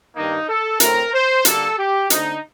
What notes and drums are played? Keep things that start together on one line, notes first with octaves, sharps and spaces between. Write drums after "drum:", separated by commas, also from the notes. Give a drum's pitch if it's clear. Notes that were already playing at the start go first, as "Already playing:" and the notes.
G2 D#3 A#3 D#4
A4
A2 A3 C4 A#4, drum: hi-hat
C5
D3 G3 A#3 A4, drum: hi-hat
G4
D3 A3 C4 D#4, drum: hi-hat